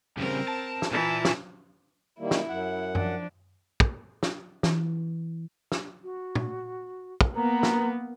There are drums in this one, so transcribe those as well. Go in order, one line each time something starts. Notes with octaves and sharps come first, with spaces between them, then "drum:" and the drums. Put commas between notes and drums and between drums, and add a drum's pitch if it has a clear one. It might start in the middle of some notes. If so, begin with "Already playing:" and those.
C#3 G3 C4 A#4
A5
drum: snare
A#2 E3 E4 A5
drum: snare
D#3 G3 A#3 E4
drum: snare
F#2 F#5
F3 D4, drum: tom F#2
drum: kick
drum: snare
E3, drum: snare
drum: snare
F#4
drum: tom
drum: kick
A#3 B3 A#5
drum: snare